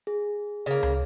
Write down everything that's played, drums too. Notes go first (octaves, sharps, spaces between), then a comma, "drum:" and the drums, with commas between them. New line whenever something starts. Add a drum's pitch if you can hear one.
G#4
C#3 A#3
drum: tom